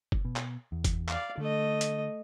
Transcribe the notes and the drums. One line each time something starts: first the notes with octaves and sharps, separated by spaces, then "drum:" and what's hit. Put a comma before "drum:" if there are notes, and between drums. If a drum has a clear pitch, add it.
drum: kick F#1
B2
drum: clap
E2
drum: kick F#1, hi-hat
D5 F5, drum: clap
D3 A3 D#5
drum: hi-hat